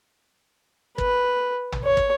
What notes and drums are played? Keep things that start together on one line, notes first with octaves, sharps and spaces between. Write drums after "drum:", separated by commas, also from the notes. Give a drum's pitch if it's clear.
B4, drum: kick
drum: tom
C#5
drum: kick